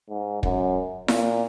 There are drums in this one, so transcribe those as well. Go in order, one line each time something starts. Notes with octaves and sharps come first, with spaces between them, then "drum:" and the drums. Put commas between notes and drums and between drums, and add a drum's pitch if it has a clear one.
G#2
F#2, drum: kick
A#2, drum: snare E4